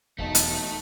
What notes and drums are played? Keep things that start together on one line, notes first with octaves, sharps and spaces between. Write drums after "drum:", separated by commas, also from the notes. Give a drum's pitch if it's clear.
E1 B1 A3 D#4 A5
drum: hi-hat